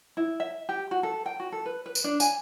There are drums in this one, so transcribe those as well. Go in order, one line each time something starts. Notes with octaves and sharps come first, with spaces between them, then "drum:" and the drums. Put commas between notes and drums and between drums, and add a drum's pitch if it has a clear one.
E4
E5
G4
F#4
A4
G5
F#4
A4
B4
B4
drum: tambourine
D4
G#5, drum: tambourine